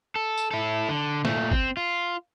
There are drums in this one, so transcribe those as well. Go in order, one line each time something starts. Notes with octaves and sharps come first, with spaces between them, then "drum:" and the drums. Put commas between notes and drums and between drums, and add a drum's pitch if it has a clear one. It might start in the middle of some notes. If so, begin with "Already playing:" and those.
A4
drum: tambourine
E4 A4
D3
A#2 A3, drum: snare
C4, drum: kick G1
F4